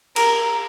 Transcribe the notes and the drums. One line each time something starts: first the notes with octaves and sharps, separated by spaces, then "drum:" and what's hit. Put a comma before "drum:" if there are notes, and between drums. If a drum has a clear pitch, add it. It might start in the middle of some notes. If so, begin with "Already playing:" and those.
A#4, drum: cymbal